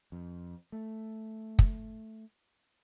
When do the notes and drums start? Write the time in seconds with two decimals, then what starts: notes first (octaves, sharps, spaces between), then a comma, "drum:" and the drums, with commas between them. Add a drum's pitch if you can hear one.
0.12 F2
0.72 A3
1.59 drum: kick